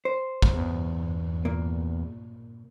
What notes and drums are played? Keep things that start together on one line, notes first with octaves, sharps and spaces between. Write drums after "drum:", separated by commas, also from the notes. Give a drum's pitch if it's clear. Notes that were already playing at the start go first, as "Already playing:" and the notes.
C5
drum: kick
E2
A#2 A#3